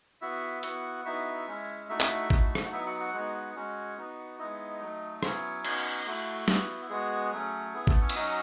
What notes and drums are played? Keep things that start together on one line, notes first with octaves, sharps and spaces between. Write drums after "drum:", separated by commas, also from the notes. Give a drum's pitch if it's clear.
B3 E4 F#4 E5
B3 E4 F#4 F#5, drum: hi-hat
B3 D#4 E4 F#4 E5
G#3 C#4 E4
A3 D#4 E4 F#4 E5
drum: clap
A3 D#4 F#4, drum: kick G#1
drum: rim click
F#5
F#3 B3 D#4 E4 E5
F#4 F#5
F#4 F#5
G#3 B3 D#4
G#3 C#4 F#4
B3 D#4 F#4
G#3 B3 D#4 E4 D#5
F#3 A3 D#4
F#3 B3 C#4 E4 C#5, drum: rim click
B3 D#4 F#4, drum: cymbal
A3 E4 F#4
B3 E4, drum: snare
G#3 B3 F#4 G#4
F#3 A3 C#4
B3 E4 G#4
A3 A4, drum: kick G#1
C#4 C#5
E5, drum: cymbal
F#3 C#4 D#4 F#4 D#5